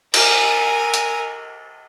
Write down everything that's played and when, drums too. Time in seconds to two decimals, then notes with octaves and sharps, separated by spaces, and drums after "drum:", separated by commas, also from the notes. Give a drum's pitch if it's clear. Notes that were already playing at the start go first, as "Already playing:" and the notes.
0.14 A#4 G#5, drum: cymbal
0.94 drum: hi-hat